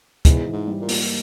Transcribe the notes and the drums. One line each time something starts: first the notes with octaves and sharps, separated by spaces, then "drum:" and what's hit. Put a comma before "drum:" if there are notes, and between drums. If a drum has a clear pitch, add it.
E2 G#2, drum: kick, hi-hat
E3
G#2
G3
A#2
A#3, drum: open hi-hat